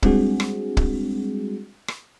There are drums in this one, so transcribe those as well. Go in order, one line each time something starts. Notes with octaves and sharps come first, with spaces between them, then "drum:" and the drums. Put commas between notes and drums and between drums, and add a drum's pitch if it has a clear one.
G3 G#3 C4 D4 F#4 G#4, drum: kick
drum: rim click
drum: kick
drum: rim click